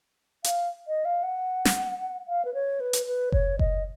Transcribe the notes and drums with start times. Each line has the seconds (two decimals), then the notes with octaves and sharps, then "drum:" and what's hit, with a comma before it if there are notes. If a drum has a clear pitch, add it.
0.44 F5, drum: hi-hat
0.88 D#5
1.05 F5
1.23 F#5
1.65 drum: snare
2.28 F5
2.45 B4
2.54 C#5
2.80 B4
2.93 drum: hi-hat
3.06 B4
3.32 C#5, drum: kick F#1
3.59 D#5, drum: kick F#1